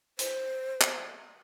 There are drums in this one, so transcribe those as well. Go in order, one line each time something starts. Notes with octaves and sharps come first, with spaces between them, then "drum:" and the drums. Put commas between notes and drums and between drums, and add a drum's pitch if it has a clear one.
C5, drum: hi-hat
drum: clap